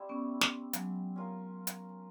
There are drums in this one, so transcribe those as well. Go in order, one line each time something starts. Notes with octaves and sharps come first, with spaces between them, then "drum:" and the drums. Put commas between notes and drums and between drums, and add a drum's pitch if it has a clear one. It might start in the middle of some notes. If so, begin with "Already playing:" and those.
Already playing: G3 C4 E4
B3 C#4
drum: snare
F#3 G#3, drum: hi-hat
C#4 F4 A#4
drum: hi-hat